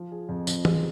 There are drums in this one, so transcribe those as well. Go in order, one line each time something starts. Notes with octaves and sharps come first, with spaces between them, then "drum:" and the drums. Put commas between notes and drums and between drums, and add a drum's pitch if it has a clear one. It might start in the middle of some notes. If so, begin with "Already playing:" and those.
Already playing: F3
G#4
F2
F2, drum: tambourine
G#4, drum: tom